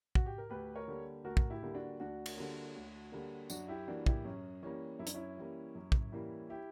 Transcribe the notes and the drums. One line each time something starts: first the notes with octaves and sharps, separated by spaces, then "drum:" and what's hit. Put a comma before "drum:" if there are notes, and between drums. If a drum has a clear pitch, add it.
F#4, drum: kick
G4
A#4
D2 G4 B4
A#4 C#5
D3 G3 A#3
D2 F#4 A#4
drum: kick
E4 G4
D3 G3 A#3
D4 F#4
D2 D4 F#4
drum: cymbal
D3 G3 A#3
D2
D3 G3 A#3
F#2 D4 F#4, drum: tambourine
E4 G4
E3 G3 A#3 D4 F#4
E4 G4, drum: kick
F#2 C#4
E3 G3 A#3 C#4
F#2 E4
D4, drum: hi-hat
C#4 E4
E3 G3 A#3
F#2
drum: kick
E3 G3 A#3
E4 G4